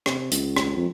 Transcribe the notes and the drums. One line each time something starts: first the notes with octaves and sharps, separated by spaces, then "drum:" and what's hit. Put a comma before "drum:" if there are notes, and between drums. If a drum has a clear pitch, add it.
C3, drum: rim click
C#2, drum: hi-hat
drum: rim click
F2